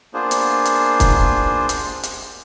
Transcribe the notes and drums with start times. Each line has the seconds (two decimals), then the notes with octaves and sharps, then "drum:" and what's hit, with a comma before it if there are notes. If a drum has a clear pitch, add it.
0.14 A#3 B3 D4 F4 G#4 C5
0.31 drum: hi-hat
0.65 drum: hi-hat
1.00 drum: kick, hi-hat
1.69 drum: hi-hat
2.03 drum: hi-hat